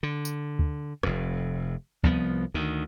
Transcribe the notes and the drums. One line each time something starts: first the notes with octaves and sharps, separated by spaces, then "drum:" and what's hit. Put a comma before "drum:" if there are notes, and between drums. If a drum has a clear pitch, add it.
D3
drum: tambourine
drum: kick D2
F1 F2, drum: rim click
C2 F3 B3, drum: kick D2
D2 D#3